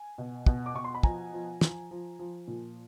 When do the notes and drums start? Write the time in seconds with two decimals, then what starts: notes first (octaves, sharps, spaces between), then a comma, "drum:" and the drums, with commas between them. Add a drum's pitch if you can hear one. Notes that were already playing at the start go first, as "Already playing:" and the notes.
Already playing: G#5
0.18 B2
0.46 B2, drum: kick
0.66 D6
0.75 B2 C#6
0.84 C6
0.94 B5
1.03 F3 G#5 A#5, drum: kick
1.33 F3
1.61 F3, drum: snare
1.91 F3
2.19 F3
2.48 A#2